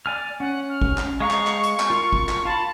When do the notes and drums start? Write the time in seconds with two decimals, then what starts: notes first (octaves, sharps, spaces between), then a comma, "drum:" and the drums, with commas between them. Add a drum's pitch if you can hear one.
0.06 D5 G#5 F6
0.40 C#4 F#5
0.69 F6
0.81 drum: kick G#1
0.98 drum: clap
1.20 G#3 F5 A#5 C#6
1.31 drum: clap
1.47 drum: clap
1.63 drum: hi-hat
1.80 drum: clap
1.90 F4 A#4
2.13 drum: kick G#1
2.29 drum: clap
2.45 F4 A5 B5